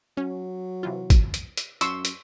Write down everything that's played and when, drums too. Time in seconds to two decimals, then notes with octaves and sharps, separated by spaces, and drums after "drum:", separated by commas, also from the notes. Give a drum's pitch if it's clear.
0.17 F#3 C#4
0.83 C3 E3 F4
1.10 drum: kick, hi-hat
1.34 drum: hi-hat
1.57 drum: hi-hat
1.81 F#2 C6 C#6 E6, drum: hi-hat
2.05 drum: hi-hat